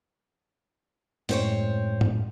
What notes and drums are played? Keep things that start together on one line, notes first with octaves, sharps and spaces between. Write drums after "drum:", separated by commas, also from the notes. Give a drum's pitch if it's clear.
F#2 A2 G#3 C4 C5 C#5, drum: open hi-hat
drum: tom G2